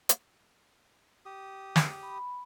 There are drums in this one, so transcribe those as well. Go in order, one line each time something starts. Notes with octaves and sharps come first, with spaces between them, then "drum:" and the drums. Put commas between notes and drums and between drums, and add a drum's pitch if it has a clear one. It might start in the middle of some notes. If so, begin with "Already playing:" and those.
drum: hi-hat
G4 D#6
drum: snare
B5